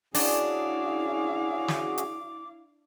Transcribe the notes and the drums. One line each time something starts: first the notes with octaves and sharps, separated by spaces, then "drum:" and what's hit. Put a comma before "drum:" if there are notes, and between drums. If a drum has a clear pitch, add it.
C#4 D4 E4 F#4 G#4 F5 D6, drum: open hi-hat
drum: snare
drum: hi-hat